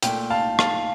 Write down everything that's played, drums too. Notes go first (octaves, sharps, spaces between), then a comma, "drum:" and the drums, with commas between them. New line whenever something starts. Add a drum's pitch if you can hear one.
A#2 A3 G5, drum: hi-hat
F5 A5
F5 A5, drum: rim click